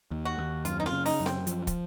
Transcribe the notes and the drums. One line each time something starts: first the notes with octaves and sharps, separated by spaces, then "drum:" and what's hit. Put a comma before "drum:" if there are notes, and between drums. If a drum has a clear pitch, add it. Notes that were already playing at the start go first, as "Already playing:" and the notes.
D#2
F#4
D#2
F#2 F4, drum: hi-hat
D#4
F4, drum: snare C4
C#3
D#4, drum: open hi-hat
F#2
C4, drum: snare C4
F3, drum: hi-hat
drum: kick, hi-hat